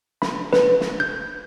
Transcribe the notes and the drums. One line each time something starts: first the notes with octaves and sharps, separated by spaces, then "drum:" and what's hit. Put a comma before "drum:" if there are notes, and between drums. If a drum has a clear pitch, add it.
B5, drum: snare
B4, drum: snare
drum: snare
G6